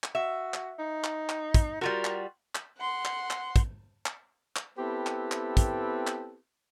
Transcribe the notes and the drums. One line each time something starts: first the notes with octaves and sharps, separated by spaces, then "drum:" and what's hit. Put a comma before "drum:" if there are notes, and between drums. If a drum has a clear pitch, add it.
drum: clap
F#4 E5
drum: clap
D#4
drum: clap
drum: clap
drum: kick, hi-hat
G3 F4 F#4 A#4
drum: clap
drum: clap
F#5 C6
drum: clap
drum: clap
drum: kick, hi-hat
drum: clap
drum: clap
B3 C4 E4 G4 A4 B4
drum: clap
drum: clap
drum: kick, hi-hat
drum: clap